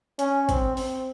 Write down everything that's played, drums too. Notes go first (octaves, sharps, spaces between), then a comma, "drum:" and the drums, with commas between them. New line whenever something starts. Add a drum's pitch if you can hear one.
C#4, drum: hi-hat
C4, drum: kick G#1, hi-hat
C4, drum: open hi-hat